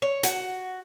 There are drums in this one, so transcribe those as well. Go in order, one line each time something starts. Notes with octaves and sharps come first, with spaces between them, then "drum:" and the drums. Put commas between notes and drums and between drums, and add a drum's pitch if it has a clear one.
C#5
F#4, drum: hi-hat